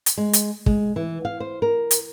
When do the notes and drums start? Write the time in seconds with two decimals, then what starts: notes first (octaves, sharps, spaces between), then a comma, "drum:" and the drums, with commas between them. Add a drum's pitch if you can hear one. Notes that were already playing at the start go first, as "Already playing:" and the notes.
0.06 drum: hi-hat
0.18 G#3
0.33 drum: hi-hat
0.66 G#3, drum: kick
0.96 E3
1.25 F5
1.40 C5
1.62 A#4
1.91 drum: hi-hat